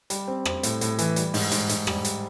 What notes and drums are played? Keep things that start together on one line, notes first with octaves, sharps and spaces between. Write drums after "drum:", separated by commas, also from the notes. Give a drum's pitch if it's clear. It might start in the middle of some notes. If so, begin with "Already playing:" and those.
G3, drum: hi-hat
C4
C4, drum: rim click
A2, drum: hi-hat
A2, drum: hi-hat
E3, drum: hi-hat
G3, drum: hi-hat
G#2, drum: open hi-hat
G#2, drum: hi-hat
G#2, drum: hi-hat
G3, drum: rim click
drum: hi-hat